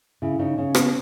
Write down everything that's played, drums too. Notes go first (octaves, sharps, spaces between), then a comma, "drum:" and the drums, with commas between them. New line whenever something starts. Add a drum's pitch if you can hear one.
C#3 E4
C#3 D#4
C#3 C#4
B3, drum: rim click